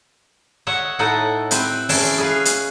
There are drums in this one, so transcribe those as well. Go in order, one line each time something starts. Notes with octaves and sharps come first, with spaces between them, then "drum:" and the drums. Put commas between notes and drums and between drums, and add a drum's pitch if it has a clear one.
C#5 D#5 E5 F#5
A2 D#4 E4 A4 D#5 F#5
C4 E4 G4 B4, drum: hi-hat
E3 C#4 G#4 A5, drum: open hi-hat
G#4 B4 F5
drum: hi-hat